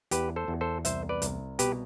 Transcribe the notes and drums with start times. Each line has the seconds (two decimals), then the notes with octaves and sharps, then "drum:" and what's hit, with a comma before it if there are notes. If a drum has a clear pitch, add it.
0.11 E2 G4 B4, drum: hi-hat
0.36 A4 C5
0.48 E2
0.61 A4 C5
0.85 C2 C5 E5, drum: hi-hat
1.09 B4 D5
1.22 C2, drum: hi-hat
1.59 B2 G4 B4, drum: hi-hat